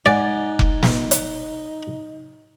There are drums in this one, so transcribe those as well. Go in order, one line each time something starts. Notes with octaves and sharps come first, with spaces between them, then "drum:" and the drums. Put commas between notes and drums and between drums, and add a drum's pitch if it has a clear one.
G#3 D#4 D5 F#5 G#5
drum: kick F1
drum: snare
drum: hi-hat